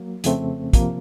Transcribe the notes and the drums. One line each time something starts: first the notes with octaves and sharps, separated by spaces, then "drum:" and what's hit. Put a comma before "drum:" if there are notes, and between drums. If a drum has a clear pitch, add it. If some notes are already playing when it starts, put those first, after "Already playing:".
Already playing: F#3 A#3
F2 C#3 A3 C4, drum: hi-hat
C3 F3 A#3, drum: kick, hi-hat